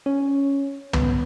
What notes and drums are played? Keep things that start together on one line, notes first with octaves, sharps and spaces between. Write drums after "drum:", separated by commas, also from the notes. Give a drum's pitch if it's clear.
C#4
B3, drum: tom